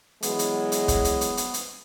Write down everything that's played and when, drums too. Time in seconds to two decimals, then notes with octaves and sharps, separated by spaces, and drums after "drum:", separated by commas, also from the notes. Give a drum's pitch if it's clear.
0.22 E3 F#3 G#3 B3, drum: hi-hat
0.39 drum: hi-hat
0.72 drum: hi-hat
0.88 drum: kick, hi-hat
1.05 drum: hi-hat
1.21 drum: hi-hat
1.37 drum: hi-hat
1.54 drum: hi-hat